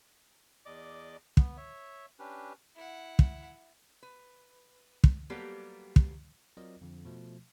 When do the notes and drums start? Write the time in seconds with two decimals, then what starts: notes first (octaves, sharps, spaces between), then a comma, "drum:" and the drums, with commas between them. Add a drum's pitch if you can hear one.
0.66 E2 D5 D#5 D6
1.37 B3, drum: kick
1.57 C#5 E5
2.19 C#4 D4 G4 B4
2.76 E4 F#5
3.19 drum: kick
4.03 B4
5.04 drum: kick
5.30 F#3 G3 A#3 B3 G4 A4
5.96 drum: kick
6.57 F#3 C4 F4 A#4 D5 D#5
6.81 F2 D3 F3
7.05 B2 F3 A3